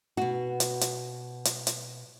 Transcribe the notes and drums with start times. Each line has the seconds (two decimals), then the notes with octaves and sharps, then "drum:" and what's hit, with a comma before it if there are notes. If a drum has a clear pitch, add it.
0.17 B2 F#4
0.60 drum: hi-hat
0.81 drum: hi-hat
1.45 drum: hi-hat
1.67 drum: hi-hat